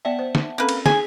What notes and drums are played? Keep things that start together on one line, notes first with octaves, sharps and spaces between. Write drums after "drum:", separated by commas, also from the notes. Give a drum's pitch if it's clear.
B3 D5 E5 F#5 G5 A5
C5
drum: snare
A#3 C4 C#4 A4 B4
drum: cymbal
G#4 G#5 B6, drum: snare